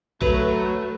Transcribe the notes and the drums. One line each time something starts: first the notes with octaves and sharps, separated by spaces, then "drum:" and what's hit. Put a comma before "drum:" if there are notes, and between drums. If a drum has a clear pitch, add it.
F#3 A3 B4, drum: kick A1